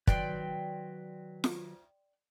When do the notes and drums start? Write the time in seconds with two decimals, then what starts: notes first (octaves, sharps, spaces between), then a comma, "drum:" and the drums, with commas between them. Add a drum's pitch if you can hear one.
0.07 D#3 F#3 B4 D5 G5 C6, drum: kick
1.44 drum: snare